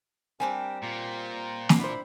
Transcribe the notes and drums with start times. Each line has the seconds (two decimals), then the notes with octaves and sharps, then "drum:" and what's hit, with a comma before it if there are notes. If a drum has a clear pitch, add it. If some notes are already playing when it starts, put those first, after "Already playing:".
0.40 G3 C4 D4 G4 A#4 G5 G#5
0.82 A#2 F4 C5 A#5
1.69 drum: snare
1.79 D4 E4 C5 B5